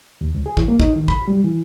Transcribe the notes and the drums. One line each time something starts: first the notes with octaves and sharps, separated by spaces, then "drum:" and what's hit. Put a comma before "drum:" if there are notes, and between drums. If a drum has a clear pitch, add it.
D#2
C#2
G#4
E3, drum: kick
A#3
D#4, drum: kick
D#3
B5, drum: kick
G3
E3